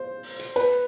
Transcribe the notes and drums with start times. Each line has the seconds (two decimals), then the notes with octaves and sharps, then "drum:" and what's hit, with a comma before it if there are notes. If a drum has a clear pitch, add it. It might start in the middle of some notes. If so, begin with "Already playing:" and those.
Already playing: C5
0.23 drum: open hi-hat
0.39 drum: hi-hat
0.56 B4, drum: hi-hat